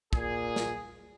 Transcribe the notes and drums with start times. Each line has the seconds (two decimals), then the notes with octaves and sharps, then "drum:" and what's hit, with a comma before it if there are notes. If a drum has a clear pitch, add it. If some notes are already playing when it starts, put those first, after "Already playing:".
0.13 A#2 G#4, drum: kick
0.56 drum: snare